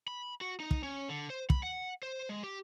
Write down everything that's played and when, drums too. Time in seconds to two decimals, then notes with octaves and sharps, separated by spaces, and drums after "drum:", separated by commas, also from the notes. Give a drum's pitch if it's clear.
0.08 B5
0.41 F#4
0.60 D#4
0.71 drum: kick
0.83 C#4
1.09 D3
1.30 C5
1.50 B5, drum: kick
1.63 F#5
2.03 C5
2.29 G#3
2.43 G4